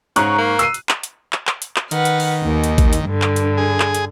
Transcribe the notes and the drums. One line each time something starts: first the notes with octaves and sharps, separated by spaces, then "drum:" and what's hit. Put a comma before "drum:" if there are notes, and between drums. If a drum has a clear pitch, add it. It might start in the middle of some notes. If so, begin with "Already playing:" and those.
G#2 C#3 A#5 C#6 F#6, drum: hi-hat
A#3
E6 C7 D#7, drum: hi-hat
drum: hi-hat
drum: clap
drum: hi-hat
drum: clap
drum: clap
drum: hi-hat
drum: clap
D#3 B4 F#5 F6, drum: hi-hat
drum: hi-hat
drum: open hi-hat
D#2
drum: hi-hat
drum: kick A1, hi-hat
drum: hi-hat
G2 D3
drum: clap
drum: hi-hat
G#4
drum: clap
drum: hi-hat